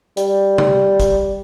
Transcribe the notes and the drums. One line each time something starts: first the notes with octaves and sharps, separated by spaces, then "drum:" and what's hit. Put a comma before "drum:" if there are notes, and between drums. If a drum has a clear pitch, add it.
G3, drum: hi-hat
drum: tom
drum: kick, hi-hat